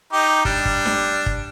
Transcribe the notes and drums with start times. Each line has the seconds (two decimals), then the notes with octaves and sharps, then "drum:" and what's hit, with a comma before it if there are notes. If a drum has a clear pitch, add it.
0.13 D#4 G4
0.45 G3 D4, drum: kick
0.65 drum: kick
0.86 drum: snare D4
1.26 drum: kick